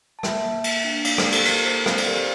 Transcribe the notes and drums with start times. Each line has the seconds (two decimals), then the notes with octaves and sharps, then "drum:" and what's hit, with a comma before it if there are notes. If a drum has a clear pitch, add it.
0.19 A5
0.23 A#3 E5 G5, drum: rim click
0.44 A#3
0.64 A#3, drum: cymbal
0.85 D4
1.05 A#3 D5 F5, drum: cymbal
1.18 A4 C5, drum: rim click
1.25 G4
1.32 A4, drum: cymbal
1.45 A#3 A#4, drum: cymbal
1.65 A#3 A4 C5
1.86 C4 D5 F5, drum: rim click
1.97 C5, drum: cymbal
2.06 G4 A#4 D5